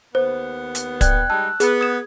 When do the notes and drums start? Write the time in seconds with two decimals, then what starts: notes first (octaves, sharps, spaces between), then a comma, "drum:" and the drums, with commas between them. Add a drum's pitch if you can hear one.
0.15 D#2 B3 C5
0.75 drum: hi-hat
1.01 D5 G5 F#6 G#6, drum: kick, hi-hat
1.30 G3 G#3 D#4 A5 E6 F#6
1.60 B3 G#4, drum: hi-hat
1.81 D#6 G#6 E7